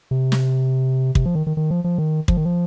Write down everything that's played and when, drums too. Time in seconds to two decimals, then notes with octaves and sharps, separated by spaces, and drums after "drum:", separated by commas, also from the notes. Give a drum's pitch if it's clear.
0.11 C3
0.32 drum: snare
1.15 C3, drum: kick
1.26 F3
1.35 D#3
1.47 D#3
1.57 D#3
1.71 F3
1.84 F3
1.98 D#3
2.28 F3, drum: kick
2.37 D#3
2.45 F3